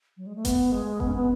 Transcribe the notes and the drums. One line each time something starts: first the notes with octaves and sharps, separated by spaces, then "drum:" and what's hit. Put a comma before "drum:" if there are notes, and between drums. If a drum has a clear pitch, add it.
F#3
G#3
A3
B3, drum: kick F#1, hi-hat
G#3
B3, drum: kick F#1
C#4
B3